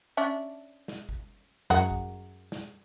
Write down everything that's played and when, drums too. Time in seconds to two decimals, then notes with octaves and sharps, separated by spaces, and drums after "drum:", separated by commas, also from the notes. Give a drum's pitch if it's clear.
0.17 C#4 D4 E5
0.88 drum: snare
1.09 drum: kick G1
1.70 F#2 G#4 A#4 F#5, drum: snare
1.91 drum: kick G1
2.52 drum: snare